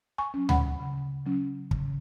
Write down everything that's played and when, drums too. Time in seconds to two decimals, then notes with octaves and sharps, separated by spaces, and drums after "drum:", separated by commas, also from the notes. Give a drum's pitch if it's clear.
0.18 G#5 C#6
0.34 F#3 C#4
0.49 F#5 B5, drum: tom D2
0.80 C#3
1.26 F#3 C#4
1.71 C#3, drum: kick